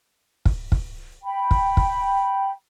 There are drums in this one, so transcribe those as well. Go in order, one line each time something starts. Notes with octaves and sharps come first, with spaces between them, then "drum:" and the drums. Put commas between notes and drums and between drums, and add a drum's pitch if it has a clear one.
drum: kick
drum: kick
G5 B5
drum: kick
drum: kick